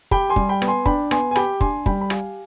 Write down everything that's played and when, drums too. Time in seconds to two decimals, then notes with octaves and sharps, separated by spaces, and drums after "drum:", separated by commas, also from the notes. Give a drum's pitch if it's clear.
0.11 G4 G5 B5, drum: kick
0.30 G#5 C6
0.36 G3, drum: kick
0.49 G5 B5
0.62 B3, drum: rim click
0.67 G#5 C6
0.86 D4 G5 B5, drum: kick
1.11 B3 G#5 C6, drum: rim click
1.31 G#5
1.36 G4 G5 B5, drum: rim click
1.61 D4 G#5 C6, drum: kick
1.86 G3 G5 B5, drum: kick
2.01 B5
2.10 G4 F5 G#5, drum: rim click